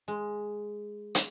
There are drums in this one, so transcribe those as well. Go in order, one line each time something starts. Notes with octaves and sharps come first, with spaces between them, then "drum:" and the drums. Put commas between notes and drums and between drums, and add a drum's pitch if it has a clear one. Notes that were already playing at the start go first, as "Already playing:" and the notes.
G#3
drum: hi-hat